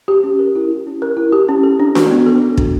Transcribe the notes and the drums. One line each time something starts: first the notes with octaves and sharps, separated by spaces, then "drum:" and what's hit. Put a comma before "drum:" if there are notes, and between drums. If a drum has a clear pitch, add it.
G4
C#4
A#4
E4
G4
C#4
A#4
E4
G4
C#4
A4
D4
F#4, drum: snare D4
B3
A4
D4
F#4, drum: kick